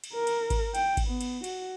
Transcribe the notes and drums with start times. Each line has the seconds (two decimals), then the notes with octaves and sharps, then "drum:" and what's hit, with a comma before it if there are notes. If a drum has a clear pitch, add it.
0.04 drum: cymbal
0.13 A#4
0.27 drum: cymbal
0.50 drum: kick G#1, cymbal
0.75 G5, drum: cymbal
0.97 drum: kick G#1, cymbal
1.07 B3
1.21 drum: cymbal
1.44 F#4, drum: cymbal